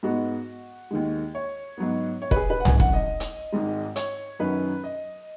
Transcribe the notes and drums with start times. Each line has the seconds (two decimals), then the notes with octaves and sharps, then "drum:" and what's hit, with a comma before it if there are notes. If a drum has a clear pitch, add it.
0.03 G#2 G#3 B3 F#4
0.91 D#2 D#3 G#3
1.35 C#5
1.77 G#2 F#3 B3
2.22 C#5
2.31 B4, drum: kick
2.36 G#4
2.50 B4
2.60 F#5
2.65 G#1 F#2 F#3 G#5, drum: tom
2.80 F#5, drum: kick
2.93 D#5
3.20 drum: hi-hat
3.52 G#1 G#2 G#3
3.96 C#5, drum: hi-hat
4.39 F#2 D#3 F#3 C#4 B4
4.84 D#5